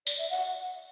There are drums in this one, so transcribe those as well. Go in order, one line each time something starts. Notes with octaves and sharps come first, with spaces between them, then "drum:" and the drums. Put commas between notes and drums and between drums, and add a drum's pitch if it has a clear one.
D5, drum: tambourine
E5
F#5